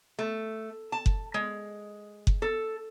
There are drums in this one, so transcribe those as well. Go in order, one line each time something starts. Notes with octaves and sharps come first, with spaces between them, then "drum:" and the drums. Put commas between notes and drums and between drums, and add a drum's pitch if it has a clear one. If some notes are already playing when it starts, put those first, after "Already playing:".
A3
A5
drum: kick F#1
G#3
drum: kick F#1
A4